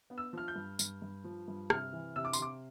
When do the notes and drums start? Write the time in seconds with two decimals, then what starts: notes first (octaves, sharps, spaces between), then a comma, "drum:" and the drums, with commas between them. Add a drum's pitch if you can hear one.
0.10 B3
0.18 E6
0.33 F3 F6
0.48 G6
0.56 G2
0.79 G2, drum: tambourine
1.02 G2
1.24 F3
1.48 G2
1.70 C3 F6, drum: rim click
1.93 E3
2.16 C3 E6
2.25 D6
2.33 C6, drum: tambourine
2.39 C3 D6